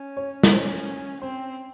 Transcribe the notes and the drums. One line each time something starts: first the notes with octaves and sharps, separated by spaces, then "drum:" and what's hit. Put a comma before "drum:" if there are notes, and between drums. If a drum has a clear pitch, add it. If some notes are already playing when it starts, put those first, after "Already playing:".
Already playing: C#4
C#5
A#4, drum: snare
C#4 C5
C4 C5